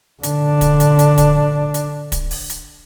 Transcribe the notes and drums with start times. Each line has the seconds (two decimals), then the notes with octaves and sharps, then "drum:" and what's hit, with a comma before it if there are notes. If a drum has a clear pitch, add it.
0.23 D3 D4, drum: hi-hat
0.61 drum: kick, hi-hat
0.80 drum: hi-hat
0.99 drum: hi-hat
1.18 drum: kick, hi-hat
1.74 drum: hi-hat
2.12 drum: kick, hi-hat
2.31 drum: open hi-hat
2.50 drum: hi-hat